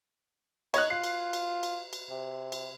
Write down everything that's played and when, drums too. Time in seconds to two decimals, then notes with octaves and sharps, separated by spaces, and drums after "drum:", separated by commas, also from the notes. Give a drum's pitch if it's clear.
0.74 D#4 C#5 D#5 F#6, drum: cymbal
0.90 F4 C7
1.04 drum: cymbal
1.33 drum: cymbal
1.63 drum: cymbal
1.93 drum: cymbal
2.10 C3
2.52 drum: cymbal